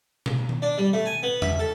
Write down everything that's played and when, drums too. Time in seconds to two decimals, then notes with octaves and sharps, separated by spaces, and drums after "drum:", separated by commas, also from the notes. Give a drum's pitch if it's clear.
0.26 drum: tom B2
0.49 drum: tom D#3
0.62 D4
0.78 G3
0.93 A3
1.06 G#5
1.23 B3
1.42 E5, drum: tom E2
1.59 A4